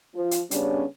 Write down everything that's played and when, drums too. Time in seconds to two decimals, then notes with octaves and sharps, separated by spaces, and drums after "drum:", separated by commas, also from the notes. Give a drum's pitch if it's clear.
0.15 F3
0.31 drum: hi-hat
0.51 C#3 G3 B3 C#4 D4, drum: hi-hat